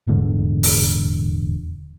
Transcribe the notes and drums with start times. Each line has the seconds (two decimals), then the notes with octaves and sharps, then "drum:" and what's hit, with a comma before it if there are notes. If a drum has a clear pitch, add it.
0.07 D#1 E2 G#2 D3
0.63 drum: open hi-hat